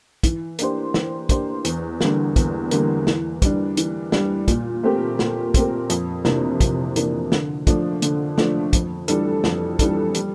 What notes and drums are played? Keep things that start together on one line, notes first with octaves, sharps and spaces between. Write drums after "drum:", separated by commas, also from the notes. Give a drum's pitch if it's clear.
E3, drum: kick, hi-hat
A#3 D4 G4 C5, drum: hi-hat
E3, drum: snare
A#3 D4 G4 C5, drum: kick, hi-hat
E2, drum: hi-hat
D3 G3 A#3, drum: snare
E2, drum: kick, hi-hat
D3 G3 A#3, drum: hi-hat
E3, drum: snare
G3 D4, drum: kick, hi-hat
E3, drum: hi-hat
G3 D4, drum: snare
A#2, drum: kick, hi-hat
A3 C4 G4 A#4
A#2, drum: snare
A3 C4 G4 A#4, drum: kick, hi-hat
F2, drum: hi-hat
C3 E3 A#3 D4, drum: snare
F2, drum: kick, hi-hat
C3 E3 A#3 D4, drum: hi-hat
D3, drum: snare
F3 A3 D4, drum: kick, hi-hat
D3, drum: hi-hat
F3 A3 D4, drum: snare
F2, drum: kick, hi-hat
E3 G3 D4 A4, drum: hi-hat
F2, drum: snare
E3 G3 D4 A4, drum: kick, hi-hat
G3, drum: hi-hat